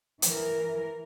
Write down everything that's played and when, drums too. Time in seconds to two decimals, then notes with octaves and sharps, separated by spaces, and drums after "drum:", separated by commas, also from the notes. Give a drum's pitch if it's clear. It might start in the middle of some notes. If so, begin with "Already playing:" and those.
0.22 E3 A#4, drum: hi-hat